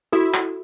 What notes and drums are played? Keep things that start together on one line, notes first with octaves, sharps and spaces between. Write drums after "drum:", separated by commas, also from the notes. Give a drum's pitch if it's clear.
E4 F#4 A4
drum: clap